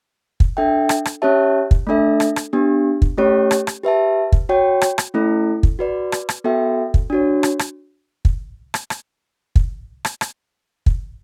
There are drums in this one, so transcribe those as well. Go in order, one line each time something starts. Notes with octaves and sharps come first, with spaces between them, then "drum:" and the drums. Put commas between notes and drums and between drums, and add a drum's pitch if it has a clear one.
drum: kick
D4 A4 E5 G5
drum: rim click
drum: rim click
C#4 G4 C#5 E5 A5
drum: kick
A3 D4 A4 E5
drum: rim click
drum: rim click
B3 D4 G4
drum: kick
A3 C#4 G4 C#5
drum: rim click
drum: rim click
G4 B4 E5 A5
drum: kick
F#4 C#5 G5
drum: rim click
drum: rim click
A3 C#4 E4 A4
drum: kick
F#4 B4 D5
drum: rim click
drum: rim click
B3 F#4 A4 E5 G5
drum: kick
D4 F#4 C#5
drum: rim click
drum: rim click
drum: kick
drum: rim click
drum: rim click
drum: kick
drum: rim click
drum: rim click
drum: kick